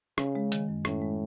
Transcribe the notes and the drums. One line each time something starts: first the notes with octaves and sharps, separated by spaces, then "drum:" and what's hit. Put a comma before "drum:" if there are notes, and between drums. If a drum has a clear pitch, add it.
C#3 C#4, drum: rim click
G#3
D#3, drum: hi-hat
F#2
A2 C#4, drum: rim click
G#3